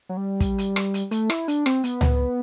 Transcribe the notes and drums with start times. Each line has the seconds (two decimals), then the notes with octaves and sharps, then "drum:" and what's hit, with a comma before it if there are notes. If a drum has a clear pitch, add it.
0.09 F#3
0.17 G3
0.40 drum: kick, hi-hat
0.58 drum: hi-hat
0.76 drum: rim click
0.94 drum: hi-hat
1.11 A3, drum: hi-hat
1.30 E4, drum: rim click
1.48 D4, drum: hi-hat
1.66 C4, drum: rim click
1.84 B3, drum: hi-hat
2.01 drum: tom C#2